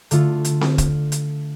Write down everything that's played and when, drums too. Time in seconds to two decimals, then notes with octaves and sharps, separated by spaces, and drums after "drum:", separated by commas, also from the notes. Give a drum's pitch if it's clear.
0.11 D3 A3 F4, drum: hi-hat
0.45 drum: hi-hat
0.61 drum: snare C4
0.78 drum: kick, hi-hat
1.12 drum: hi-hat